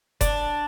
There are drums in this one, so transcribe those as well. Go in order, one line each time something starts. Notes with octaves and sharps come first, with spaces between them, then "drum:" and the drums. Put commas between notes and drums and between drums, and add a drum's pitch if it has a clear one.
D4, drum: kick F1, hi-hat